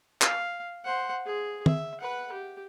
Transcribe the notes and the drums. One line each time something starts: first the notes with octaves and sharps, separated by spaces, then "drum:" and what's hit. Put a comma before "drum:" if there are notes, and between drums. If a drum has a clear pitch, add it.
F5, drum: clap
C5 F#5
G#4
E5, drum: tom
B4 F#5
G4